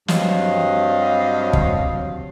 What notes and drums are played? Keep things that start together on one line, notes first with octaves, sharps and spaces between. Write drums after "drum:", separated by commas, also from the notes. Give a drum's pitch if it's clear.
G2 F#3 C4 D#5 F5, drum: snare
drum: kick